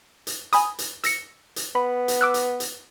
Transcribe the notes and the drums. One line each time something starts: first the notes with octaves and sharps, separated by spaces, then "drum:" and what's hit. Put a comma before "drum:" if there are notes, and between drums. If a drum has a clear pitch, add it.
drum: hi-hat
G#5 B5 D#6, drum: hi-hat
drum: hi-hat
E6 A#6 C#7, drum: hi-hat
drum: hi-hat
B3 B5
drum: hi-hat
D6 E6 F#6
drum: hi-hat
drum: hi-hat